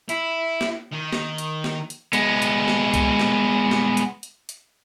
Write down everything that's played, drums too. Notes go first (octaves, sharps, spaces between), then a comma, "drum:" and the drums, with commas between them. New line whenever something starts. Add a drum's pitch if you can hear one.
E4, drum: hi-hat
drum: snare
D#3
drum: snare
drum: hi-hat
drum: snare
drum: hi-hat
G#3 B3, drum: hi-hat
drum: hi-hat
drum: snare
drum: kick C2, hi-hat
drum: snare
drum: snare
drum: hi-hat
drum: hi-hat
drum: hi-hat